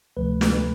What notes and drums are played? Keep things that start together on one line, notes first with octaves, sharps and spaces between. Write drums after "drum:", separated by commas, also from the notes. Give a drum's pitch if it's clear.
D2 C3 F3 A3 B4
drum: snare
B4